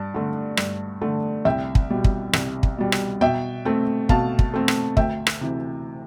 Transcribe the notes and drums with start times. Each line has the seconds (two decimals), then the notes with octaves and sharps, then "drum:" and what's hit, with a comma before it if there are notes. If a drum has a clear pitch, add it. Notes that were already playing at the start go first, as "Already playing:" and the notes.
Already playing: G2 A5
0.14 D3 A3
0.57 G2, drum: rim click
1.02 D3 A3
1.45 C2 E5 G5
1.75 drum: kick
1.90 B2 G3
2.04 drum: kick
2.33 C2, drum: rim click
2.63 drum: kick
2.78 B2 G3
2.92 drum: rim click
3.21 B2 E5 G5
3.65 A3 C4
4.09 B2 F5 A5, drum: kick
4.39 drum: kick
4.54 A3 C4
4.68 drum: rim click
4.97 D2 E5 G5, drum: kick
5.27 drum: rim click
5.41 C3 E3